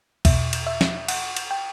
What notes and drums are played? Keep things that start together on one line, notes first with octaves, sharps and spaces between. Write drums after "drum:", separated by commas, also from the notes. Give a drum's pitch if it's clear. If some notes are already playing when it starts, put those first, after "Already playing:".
E2 B2 E5, drum: kick B1, cymbal
drum: cymbal
E5
drum: snare
F#5, drum: cymbal
drum: cymbal
G5